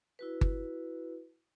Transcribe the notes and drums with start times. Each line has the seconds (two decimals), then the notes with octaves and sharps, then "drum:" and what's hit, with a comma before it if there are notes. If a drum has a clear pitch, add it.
0.19 E4 F#4 B4
0.41 drum: kick G1